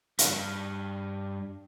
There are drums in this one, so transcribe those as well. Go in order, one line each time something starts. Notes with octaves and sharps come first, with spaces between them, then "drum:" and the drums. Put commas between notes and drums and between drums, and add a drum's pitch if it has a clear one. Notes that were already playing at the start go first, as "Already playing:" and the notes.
G2, drum: hi-hat